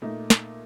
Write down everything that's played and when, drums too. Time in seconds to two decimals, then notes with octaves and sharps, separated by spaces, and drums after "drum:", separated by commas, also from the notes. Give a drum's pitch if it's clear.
0.02 A#2 A3 D#4
0.30 drum: snare